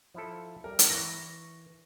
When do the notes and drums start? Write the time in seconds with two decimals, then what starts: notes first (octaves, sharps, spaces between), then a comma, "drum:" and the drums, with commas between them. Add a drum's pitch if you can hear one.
0.14 F3 E4 A4
0.64 G3 A#4
0.79 drum: hi-hat
0.90 E3 C#6 A#6